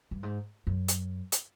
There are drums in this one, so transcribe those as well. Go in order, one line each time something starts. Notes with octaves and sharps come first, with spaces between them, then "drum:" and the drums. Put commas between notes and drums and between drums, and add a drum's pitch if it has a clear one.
G2
G#2
F#2
drum: hi-hat
drum: hi-hat